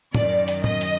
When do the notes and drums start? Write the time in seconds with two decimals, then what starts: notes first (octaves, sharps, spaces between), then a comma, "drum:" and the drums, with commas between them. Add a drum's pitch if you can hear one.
0.14 F#2 D#3 D5, drum: tom
0.48 drum: hi-hat
0.64 D#5, drum: tom
0.81 drum: hi-hat